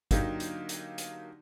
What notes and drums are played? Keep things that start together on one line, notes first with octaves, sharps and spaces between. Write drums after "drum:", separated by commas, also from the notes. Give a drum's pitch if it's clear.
D3 F#3 A#3 D#4 G4, drum: kick G1, hi-hat
drum: hi-hat
drum: hi-hat
drum: hi-hat